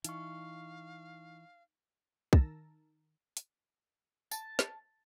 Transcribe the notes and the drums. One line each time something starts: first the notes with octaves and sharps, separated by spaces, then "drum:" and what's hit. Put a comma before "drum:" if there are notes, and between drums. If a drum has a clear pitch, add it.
E3 D#4 F5 C#6, drum: hi-hat
D#3 A#4 A5 E6 A#6, drum: kick
drum: hi-hat
A5, drum: tambourine
drum: snare